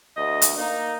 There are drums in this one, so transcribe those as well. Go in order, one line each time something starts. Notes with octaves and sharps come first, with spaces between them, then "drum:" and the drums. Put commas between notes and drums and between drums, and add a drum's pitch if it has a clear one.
D2 D#5
drum: hi-hat
A#3 D#4